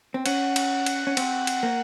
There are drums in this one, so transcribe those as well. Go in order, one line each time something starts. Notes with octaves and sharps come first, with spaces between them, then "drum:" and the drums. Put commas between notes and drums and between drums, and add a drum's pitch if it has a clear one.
C4
C#4 F#5, drum: cymbal
drum: cymbal
drum: cymbal
C#4
C4, drum: cymbal
drum: cymbal
A#3